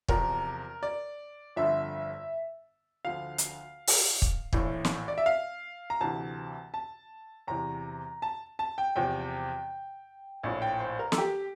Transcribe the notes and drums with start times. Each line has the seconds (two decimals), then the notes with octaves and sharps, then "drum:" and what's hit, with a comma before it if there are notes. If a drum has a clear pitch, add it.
0.08 E2 C3 F3 A#4, drum: kick
0.83 D5
1.56 G1 F2 D3 F3 E5
3.05 D2 D3 F3 F5
3.38 drum: hi-hat
3.87 drum: open hi-hat
4.22 drum: kick
4.53 A#1 A2 E3, drum: kick
4.85 drum: snare
5.08 D5
5.18 E5
5.26 F5
5.90 A#5
6.01 D2 C3 E3 A5
6.74 A5
7.47 E2 C3 E3 A#5
8.22 A5
8.59 A5
8.78 G5
8.96 E2 C3 F3 G5
10.43 A#1 A2 F3
10.62 G5
10.80 C5
10.99 A#4
11.12 A4, drum: snare
11.18 G4